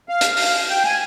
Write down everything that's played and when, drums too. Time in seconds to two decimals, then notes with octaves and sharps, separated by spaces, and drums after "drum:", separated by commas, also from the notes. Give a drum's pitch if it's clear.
0.09 F5
0.21 drum: hi-hat
0.37 drum: open hi-hat
0.70 G5
0.85 G#5